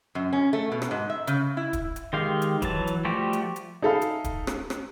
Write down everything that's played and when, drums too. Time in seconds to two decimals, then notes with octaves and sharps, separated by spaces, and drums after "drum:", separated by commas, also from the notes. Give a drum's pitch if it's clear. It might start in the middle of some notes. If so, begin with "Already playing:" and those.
0.15 F#2
0.33 C#4
0.53 A3
0.72 B2
0.82 drum: rim click
0.91 G#2
1.10 E5
1.27 C#3, drum: hi-hat
1.57 E4
1.73 drum: kick, hi-hat
1.96 drum: hi-hat
2.13 D#3 G#3 G4 F5
2.42 drum: hi-hat
2.62 E3 F#3 A5, drum: kick, hi-hat
2.87 drum: hi-hat
3.05 F3 G3 A3 F#4 G4
3.33 drum: hi-hat
3.56 drum: hi-hat
3.82 D#4 G#4 A4 E5 F5 B5
4.02 drum: hi-hat
4.24 drum: kick, hi-hat
4.47 drum: rim click
4.70 drum: rim click